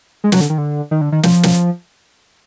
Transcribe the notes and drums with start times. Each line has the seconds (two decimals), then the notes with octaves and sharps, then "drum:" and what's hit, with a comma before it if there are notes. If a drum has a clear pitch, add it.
0.24 G#3
0.32 F#3, drum: snare
0.41 D3
0.50 D#3
0.58 D3
0.91 D#3
1.01 D3
1.12 D#3
1.23 F3, drum: snare
1.43 drum: snare